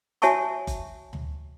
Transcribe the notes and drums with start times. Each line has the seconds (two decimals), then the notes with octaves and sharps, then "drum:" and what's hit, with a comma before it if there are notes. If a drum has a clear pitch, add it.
0.22 F#4 C#5 E5 G#5 A5 C#6, drum: hi-hat
0.67 drum: kick F#1, hi-hat
1.13 drum: tom D2